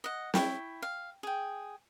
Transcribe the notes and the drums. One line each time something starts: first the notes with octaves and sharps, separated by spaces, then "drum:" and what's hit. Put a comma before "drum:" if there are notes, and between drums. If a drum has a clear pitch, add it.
D#5 F#5
E4 F#4 G5 C#6, drum: snare
F5
G#4 G5